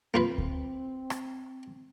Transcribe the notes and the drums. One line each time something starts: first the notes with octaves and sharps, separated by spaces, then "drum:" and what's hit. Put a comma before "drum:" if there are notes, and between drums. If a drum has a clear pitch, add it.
A#3 C4 F4 B4
drum: kick D2
drum: rim click